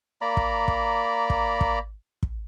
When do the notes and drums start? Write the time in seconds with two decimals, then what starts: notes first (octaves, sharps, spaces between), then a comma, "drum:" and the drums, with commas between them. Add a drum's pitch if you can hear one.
0.21 A#3 D5 A#5 B5
0.37 drum: kick
0.68 drum: kick
1.30 drum: kick
1.61 drum: kick
2.23 drum: kick